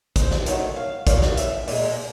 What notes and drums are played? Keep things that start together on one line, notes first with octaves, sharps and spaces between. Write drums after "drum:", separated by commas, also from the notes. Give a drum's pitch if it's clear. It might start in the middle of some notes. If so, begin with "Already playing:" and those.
C5, drum: kick, hi-hat
drum: snare
D#3 F#3 A3, drum: hi-hat
F5
A#2 F#3 F5, drum: kick, hi-hat
drum: snare
E5, drum: hi-hat
A#2 F3 G#3, drum: open hi-hat